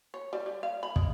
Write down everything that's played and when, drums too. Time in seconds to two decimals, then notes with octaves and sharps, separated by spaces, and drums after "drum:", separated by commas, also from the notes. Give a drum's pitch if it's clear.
0.14 C#5
0.33 G3
0.46 G3
0.63 F5
0.83 B5
0.96 G#3, drum: kick